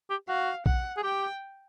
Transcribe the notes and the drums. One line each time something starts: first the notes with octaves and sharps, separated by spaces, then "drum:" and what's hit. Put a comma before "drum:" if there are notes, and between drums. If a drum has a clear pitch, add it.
G4
F#4 F5
F#5, drum: kick A#1
G#4
G4 G5